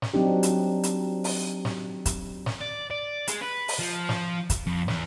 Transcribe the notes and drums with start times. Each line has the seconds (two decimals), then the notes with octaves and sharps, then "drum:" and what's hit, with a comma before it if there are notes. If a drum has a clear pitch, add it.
0.02 drum: snare
0.14 F#3 C4 D4 D#4 G4
0.43 drum: hi-hat
0.83 drum: hi-hat
1.24 drum: open hi-hat
1.65 drum: snare
2.06 drum: kick, hi-hat
2.46 drum: snare
2.61 D5
2.91 D5
3.28 G#3, drum: hi-hat
3.41 B4
3.68 drum: open hi-hat
3.79 F3
4.09 drum: snare
4.50 drum: kick, hi-hat
4.67 F2
4.88 E2, drum: snare